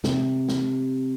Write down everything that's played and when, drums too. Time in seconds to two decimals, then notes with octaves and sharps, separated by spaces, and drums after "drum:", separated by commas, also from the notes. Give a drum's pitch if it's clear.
0.04 C3, drum: snare
0.48 drum: snare